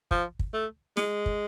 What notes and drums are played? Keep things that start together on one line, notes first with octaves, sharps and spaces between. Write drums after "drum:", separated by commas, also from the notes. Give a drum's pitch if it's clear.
F3, drum: kick
drum: kick
A3
G#3, drum: snare
drum: kick